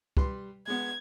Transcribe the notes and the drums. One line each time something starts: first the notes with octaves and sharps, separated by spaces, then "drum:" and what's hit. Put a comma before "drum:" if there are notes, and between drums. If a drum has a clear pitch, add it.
G3 B4 C6, drum: kick
G#3 B3 G#6